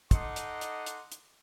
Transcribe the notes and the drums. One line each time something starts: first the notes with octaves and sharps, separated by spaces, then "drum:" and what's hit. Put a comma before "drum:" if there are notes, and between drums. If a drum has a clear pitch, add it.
D#4 A4 D#5 F#5 C6 D6, drum: kick, hi-hat
drum: hi-hat
drum: hi-hat
drum: hi-hat
drum: hi-hat